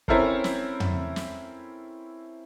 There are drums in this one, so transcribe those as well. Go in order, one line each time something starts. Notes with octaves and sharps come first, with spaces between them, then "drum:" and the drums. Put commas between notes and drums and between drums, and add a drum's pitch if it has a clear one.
C4 C#4 E4 A4 A#4 C5, drum: kick
drum: snare
drum: tom
drum: snare